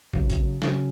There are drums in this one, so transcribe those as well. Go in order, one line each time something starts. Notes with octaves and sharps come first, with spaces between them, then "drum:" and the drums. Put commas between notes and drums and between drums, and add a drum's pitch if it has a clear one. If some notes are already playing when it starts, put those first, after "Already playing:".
C#3 F#3 C#4, drum: kick
drum: kick, hi-hat
C#3 F#3 C#4, drum: snare